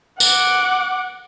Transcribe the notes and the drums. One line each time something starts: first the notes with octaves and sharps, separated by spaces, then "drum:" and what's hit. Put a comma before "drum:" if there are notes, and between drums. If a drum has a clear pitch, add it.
F#5 D6, drum: tambourine